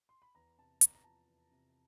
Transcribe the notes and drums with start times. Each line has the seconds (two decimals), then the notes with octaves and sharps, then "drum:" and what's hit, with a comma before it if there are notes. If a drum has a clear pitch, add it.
0.09 C6
0.22 B5
0.35 E2 A#5
0.58 C3 A5
0.81 E2 A#5, drum: hi-hat
0.95 A#5
1.04 F3 A5
1.27 E2
1.51 C3